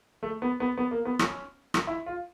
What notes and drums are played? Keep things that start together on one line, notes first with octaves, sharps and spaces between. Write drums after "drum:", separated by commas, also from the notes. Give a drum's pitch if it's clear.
A3
B3
B3
B3
A#3
B3
C#4, drum: rim click
drum: rim click
E4
F4